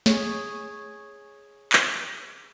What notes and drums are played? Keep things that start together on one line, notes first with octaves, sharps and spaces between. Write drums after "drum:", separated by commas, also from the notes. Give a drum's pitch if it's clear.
G#4 C#5, drum: snare
drum: clap